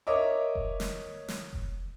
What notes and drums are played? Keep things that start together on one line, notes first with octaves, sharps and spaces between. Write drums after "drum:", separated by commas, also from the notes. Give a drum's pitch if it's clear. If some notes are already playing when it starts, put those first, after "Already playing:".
A#4 C#5 D#5 E5 D6
drum: kick F1
drum: snare
drum: snare
drum: kick F1